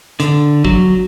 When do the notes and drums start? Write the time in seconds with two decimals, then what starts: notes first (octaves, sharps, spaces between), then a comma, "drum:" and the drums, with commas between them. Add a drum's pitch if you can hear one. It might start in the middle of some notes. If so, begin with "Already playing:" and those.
0.20 D3, drum: hi-hat
0.65 F#3, drum: kick